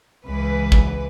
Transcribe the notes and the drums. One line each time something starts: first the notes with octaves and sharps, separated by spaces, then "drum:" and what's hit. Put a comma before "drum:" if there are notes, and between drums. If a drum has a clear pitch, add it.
C#2 E3 B4
drum: kick